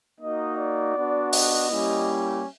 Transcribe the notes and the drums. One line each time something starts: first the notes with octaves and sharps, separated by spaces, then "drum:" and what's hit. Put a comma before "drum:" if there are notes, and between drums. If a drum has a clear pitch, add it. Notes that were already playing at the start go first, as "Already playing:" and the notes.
A#3 D#4 F#4 D#5
D5
B3 D4 F#4
D#5, drum: open hi-hat
G3 A#3 C#4 E4 G4